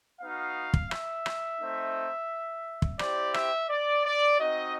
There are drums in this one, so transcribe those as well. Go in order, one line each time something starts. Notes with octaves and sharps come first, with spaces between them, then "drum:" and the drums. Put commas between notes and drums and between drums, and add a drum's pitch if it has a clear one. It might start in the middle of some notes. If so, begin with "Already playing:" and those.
B3 D#4 F#4 F5
drum: kick
E5, drum: rim click
drum: rim click
A3 C4 D#4
drum: kick
C4 E4 G4 D5, drum: rim click
E5, drum: rim click
D5
D5
C4 D#4 F#4 D#5